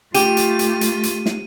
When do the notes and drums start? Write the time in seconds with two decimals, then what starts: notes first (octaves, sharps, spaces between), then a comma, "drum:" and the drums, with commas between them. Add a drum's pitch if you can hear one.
0.14 A3 F4 G4 D#7, drum: hi-hat
0.37 drum: hi-hat
0.59 drum: hi-hat
0.81 drum: hi-hat
1.03 drum: hi-hat
1.26 drum: snare